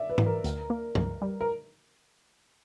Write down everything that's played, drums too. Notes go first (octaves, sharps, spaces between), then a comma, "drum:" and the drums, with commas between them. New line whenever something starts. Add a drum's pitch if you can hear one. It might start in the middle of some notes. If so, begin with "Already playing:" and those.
Already playing: D5 E5
B4
E3, drum: tom G#2
A#4
D2, drum: hi-hat
A#3
C#2, drum: tom
G3
A#4